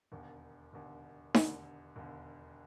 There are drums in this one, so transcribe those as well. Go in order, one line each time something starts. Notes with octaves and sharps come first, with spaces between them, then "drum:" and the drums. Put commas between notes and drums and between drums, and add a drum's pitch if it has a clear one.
E1 D#2 D3
E1 D#2 D3
E1 D#2 D3, drum: snare D#4
E1 D#2 D3